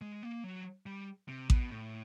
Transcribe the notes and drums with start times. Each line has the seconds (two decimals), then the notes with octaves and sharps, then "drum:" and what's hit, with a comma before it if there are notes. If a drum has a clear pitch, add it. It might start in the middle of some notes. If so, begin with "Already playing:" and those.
0.01 G#3
0.23 A#3
0.44 F#3
0.86 G3
1.28 C3
1.50 B2, drum: kick A1
1.71 A2